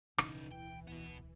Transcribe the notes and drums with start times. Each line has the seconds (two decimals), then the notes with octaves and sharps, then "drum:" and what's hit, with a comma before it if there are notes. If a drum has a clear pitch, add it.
0.18 D1 B1 C#3 E3 D#4, drum: rim click
0.51 G5
0.87 B2 B3